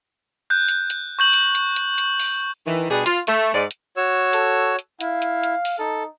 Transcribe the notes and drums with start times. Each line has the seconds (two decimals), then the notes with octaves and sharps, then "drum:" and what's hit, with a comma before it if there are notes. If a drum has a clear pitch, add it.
0.50 F#6 G6
0.68 drum: hi-hat
0.90 drum: hi-hat
1.19 C#6 G6 F#7
1.33 drum: hi-hat
1.55 drum: hi-hat
1.76 drum: hi-hat
1.98 drum: hi-hat
2.20 drum: open hi-hat
2.66 D#3 E3
2.90 B2 G3 D4 G#4
3.06 F4, drum: hi-hat
3.27 A3, drum: hi-hat
3.54 G#2 D5
3.71 drum: hi-hat
3.97 F#4 C#5 E6
4.33 A4, drum: hi-hat
4.79 drum: hi-hat
5.01 E4 F5, drum: hi-hat
5.22 drum: hi-hat
5.43 drum: hi-hat
5.65 drum: open hi-hat
5.79 D#4 A4